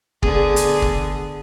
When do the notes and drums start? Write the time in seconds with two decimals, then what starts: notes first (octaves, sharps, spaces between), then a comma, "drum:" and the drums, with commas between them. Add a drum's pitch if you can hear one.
0.23 D3 B3 G#4, drum: kick
0.56 drum: hi-hat
0.82 drum: kick